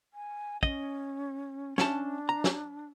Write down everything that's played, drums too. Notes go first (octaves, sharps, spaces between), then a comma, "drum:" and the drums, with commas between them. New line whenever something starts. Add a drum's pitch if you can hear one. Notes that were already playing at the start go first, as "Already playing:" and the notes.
G#5
C#4 D#5, drum: kick
C#4 D4 E5 A5, drum: snare
A#5
drum: snare